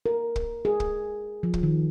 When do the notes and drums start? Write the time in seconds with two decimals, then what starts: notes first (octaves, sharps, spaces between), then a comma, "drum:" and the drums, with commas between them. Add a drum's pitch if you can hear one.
0.06 A#4
0.36 drum: kick
0.65 G#4
0.80 drum: kick
1.43 F3
1.54 drum: kick
1.63 D#3